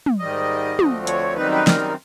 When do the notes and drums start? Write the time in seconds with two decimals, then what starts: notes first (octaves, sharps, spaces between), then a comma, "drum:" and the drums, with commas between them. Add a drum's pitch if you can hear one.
0.06 drum: tom
0.19 G#2 D#3 G3 D#5
0.79 D2 D3 F3 A3 C4, drum: tom
1.07 C#5, drum: hi-hat
1.36 F#2 D#3 G3 C4 D#4 B4
1.52 B4
1.67 A#4, drum: snare